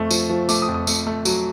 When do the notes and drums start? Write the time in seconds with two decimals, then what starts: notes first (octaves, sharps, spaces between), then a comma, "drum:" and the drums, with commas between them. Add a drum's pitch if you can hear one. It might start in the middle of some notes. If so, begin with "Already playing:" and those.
Already playing: F2 F3 A3 C#6
0.11 F3, drum: tambourine
0.30 F3
0.49 A3 D6, drum: tambourine
0.62 D#6
0.68 F2
0.74 D#6
0.87 A3, drum: tambourine
1.07 A3
1.25 F#3, drum: tambourine